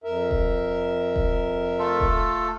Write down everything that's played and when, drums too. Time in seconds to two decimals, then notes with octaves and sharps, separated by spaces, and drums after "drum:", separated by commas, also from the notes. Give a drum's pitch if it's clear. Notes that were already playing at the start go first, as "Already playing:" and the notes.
0.04 F2 A#4 E5
0.31 drum: kick E1
1.16 drum: kick E1
1.79 A3 F4 A4
2.00 drum: kick E1